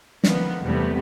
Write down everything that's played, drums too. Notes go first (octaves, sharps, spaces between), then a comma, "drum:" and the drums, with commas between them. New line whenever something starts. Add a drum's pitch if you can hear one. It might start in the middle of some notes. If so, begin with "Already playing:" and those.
D3 D#3 F3 B3, drum: snare
E2 C3 F#3 G3 A3 B3